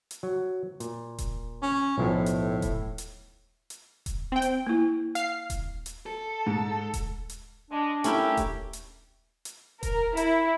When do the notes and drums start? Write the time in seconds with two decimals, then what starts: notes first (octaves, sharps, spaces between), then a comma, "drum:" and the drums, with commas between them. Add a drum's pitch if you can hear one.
0.11 drum: hi-hat
0.23 F#3
0.80 A#2, drum: hi-hat
1.18 drum: kick D#1, hi-hat
1.62 C#4
1.98 B1 A2 F3 A5
2.26 drum: hi-hat
2.62 drum: kick D#1, hi-hat
2.98 drum: hi-hat
3.70 drum: hi-hat
4.06 drum: kick D#1, hi-hat
4.32 C4 G5
4.42 drum: hi-hat
4.67 A#3 E4
5.15 F5 C7, drum: hi-hat
5.50 drum: kick D#1, hi-hat
5.86 drum: hi-hat
6.06 A4
6.47 G#2
6.94 drum: kick D#1, hi-hat
7.29 drum: hi-hat
7.71 G#3 D4 D#5
8.04 A3 C#4 E4 G4 A#4, drum: hi-hat
8.37 drum: kick D#1, hi-hat
8.73 drum: hi-hat
9.45 drum: hi-hat
9.83 A#4, drum: kick D#1, hi-hat
10.17 E4, drum: hi-hat